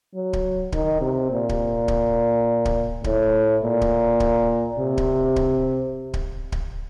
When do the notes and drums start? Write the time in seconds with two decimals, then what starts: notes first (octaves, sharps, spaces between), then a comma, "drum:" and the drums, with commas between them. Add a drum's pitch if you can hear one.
0.15 F#3
0.33 drum: kick D1
0.72 D#3, drum: kick D1
1.01 C3
1.30 A#2
1.49 drum: kick D1
1.88 drum: kick D1
2.65 drum: kick D1
3.04 A2, drum: kick D1
3.63 A#2
3.81 drum: kick D1
4.20 drum: kick D1
4.78 C3
4.98 drum: kick D1
5.36 drum: kick D1
6.14 drum: kick D1
6.52 drum: kick D1